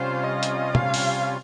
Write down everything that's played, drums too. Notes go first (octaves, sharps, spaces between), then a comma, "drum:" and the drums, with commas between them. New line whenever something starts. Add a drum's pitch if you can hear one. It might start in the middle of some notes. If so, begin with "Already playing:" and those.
Already playing: C3 G3 C#4 F4 C5
D#5
drum: hi-hat
F5, drum: tom
drum: open hi-hat